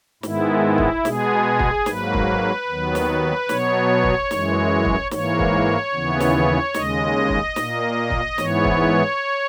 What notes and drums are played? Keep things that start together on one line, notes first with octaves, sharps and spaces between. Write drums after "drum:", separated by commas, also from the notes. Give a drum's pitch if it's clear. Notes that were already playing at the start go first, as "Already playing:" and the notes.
G#2 D#3 G#3 B3 E4, drum: snare
drum: kick
B2 G#3 B3 G#4, drum: snare
drum: kick
G#2 F#3 A#3 B4, drum: snare
drum: kick
D#2 D#3 F#3 B3
drum: snare
B2 F#3 B3 C#5, drum: snare
drum: kick
F#2 E3 G#3, drum: snare
drum: kick
G#2 E3 A#3 C#5, drum: snare
drum: kick
D#2 C#3 E3 B3
drum: snare
D#2 C#3 G#3 D#5, drum: snare
drum: kick
A#2 A#3, drum: snare
drum: kick
G#2 E3 B3 C#5, drum: snare
drum: kick